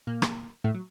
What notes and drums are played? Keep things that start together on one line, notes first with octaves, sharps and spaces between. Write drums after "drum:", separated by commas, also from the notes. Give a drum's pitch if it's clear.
A#2 A#3
drum: rim click
A2 A3
F#3